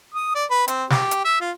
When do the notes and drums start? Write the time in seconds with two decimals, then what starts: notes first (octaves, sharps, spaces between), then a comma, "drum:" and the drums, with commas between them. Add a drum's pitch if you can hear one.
0.15 D#6
0.35 D5
0.50 B4
0.68 C4, drum: hi-hat
0.90 G4, drum: snare
1.11 drum: hi-hat
1.25 E5
1.41 F4